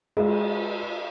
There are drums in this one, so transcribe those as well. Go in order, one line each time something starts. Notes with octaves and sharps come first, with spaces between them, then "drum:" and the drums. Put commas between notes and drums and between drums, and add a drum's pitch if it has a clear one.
G#3, drum: cymbal